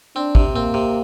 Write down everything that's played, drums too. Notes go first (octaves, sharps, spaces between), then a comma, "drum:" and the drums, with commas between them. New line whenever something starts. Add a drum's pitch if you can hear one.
C4 D4
C3, drum: kick
A#3 C4
C3